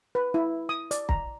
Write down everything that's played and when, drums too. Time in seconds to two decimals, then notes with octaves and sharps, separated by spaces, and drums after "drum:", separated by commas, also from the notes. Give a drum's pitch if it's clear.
0.15 B4
0.34 E4
0.69 D#6
0.91 D5, drum: hi-hat
1.09 A#5, drum: kick